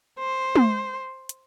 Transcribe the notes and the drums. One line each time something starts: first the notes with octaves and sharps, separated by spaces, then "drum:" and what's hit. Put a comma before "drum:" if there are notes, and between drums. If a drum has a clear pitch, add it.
C5
drum: tom
drum: hi-hat